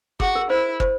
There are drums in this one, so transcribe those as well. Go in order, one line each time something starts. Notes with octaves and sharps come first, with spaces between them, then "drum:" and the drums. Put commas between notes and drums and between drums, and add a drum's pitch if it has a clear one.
F#4 G#4, drum: kick
A#4
E4 C5
C5, drum: kick